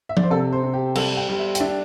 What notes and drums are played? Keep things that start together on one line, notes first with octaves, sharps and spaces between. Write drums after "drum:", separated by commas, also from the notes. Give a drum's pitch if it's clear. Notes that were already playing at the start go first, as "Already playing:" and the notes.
E5
D5, drum: tom F3
C5
C3 A4
C5
C3
G4
G3 A4, drum: cymbal
G5
G3
E5
G5, drum: hi-hat
D4 E5